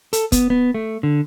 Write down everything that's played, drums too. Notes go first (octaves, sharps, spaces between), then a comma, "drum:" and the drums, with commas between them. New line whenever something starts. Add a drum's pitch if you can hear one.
A4, drum: hi-hat
B3, drum: kick, hi-hat
B3
A3
D3